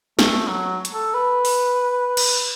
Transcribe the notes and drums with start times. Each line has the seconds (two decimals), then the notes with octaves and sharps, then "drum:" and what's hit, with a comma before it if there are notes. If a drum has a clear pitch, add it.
0.19 A3, drum: snare
0.47 F#3
0.85 drum: hi-hat
0.94 A4
1.14 B4
1.45 drum: open hi-hat
2.17 drum: cymbal